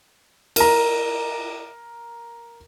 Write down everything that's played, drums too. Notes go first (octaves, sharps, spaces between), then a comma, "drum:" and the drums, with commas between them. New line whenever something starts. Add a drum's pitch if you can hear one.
A#4 A#5, drum: cymbal